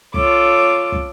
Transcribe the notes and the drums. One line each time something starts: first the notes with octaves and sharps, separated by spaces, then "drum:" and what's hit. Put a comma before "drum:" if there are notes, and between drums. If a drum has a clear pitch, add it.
F4 A4 C#5 D6, drum: kick
drum: kick